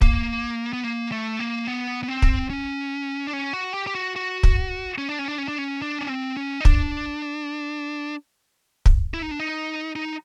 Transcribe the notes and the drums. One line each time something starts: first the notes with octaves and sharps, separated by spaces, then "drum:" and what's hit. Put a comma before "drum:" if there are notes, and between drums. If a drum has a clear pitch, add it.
A#3, drum: kick
B3
A#3
A3
A#3
B3
B3
C4
drum: kick
C#4
D4
C#4
F#4
G4
G4
F#4
F#4
drum: kick
C#4
D4
C#4
D4
C#4
D4
C#4
D4
C#4
C4
C#4
D#4
D4, drum: kick
drum: kick
E4
D#4
D4
D#4
D#4